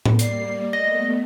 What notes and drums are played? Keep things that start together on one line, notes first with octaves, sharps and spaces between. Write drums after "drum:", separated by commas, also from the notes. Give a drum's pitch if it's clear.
drum: tom A2
G3 A#3 D5 C7, drum: hi-hat
A3 B3 D#5 A#6